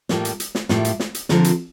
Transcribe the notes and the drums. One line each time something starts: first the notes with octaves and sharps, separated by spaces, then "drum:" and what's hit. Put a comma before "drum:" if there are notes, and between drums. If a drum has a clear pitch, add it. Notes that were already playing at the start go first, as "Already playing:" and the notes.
A2 G3 A#3 F4, drum: snare
drum: hi-hat
drum: hi-hat
drum: snare
A2 G3 A#3 F4, drum: snare
drum: hi-hat
drum: snare
drum: hi-hat
D3 F3 C4 F4 A#4, drum: snare
drum: hi-hat